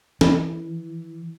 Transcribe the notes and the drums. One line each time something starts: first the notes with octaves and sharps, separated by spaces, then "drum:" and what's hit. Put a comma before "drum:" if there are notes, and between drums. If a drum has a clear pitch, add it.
E3, drum: snare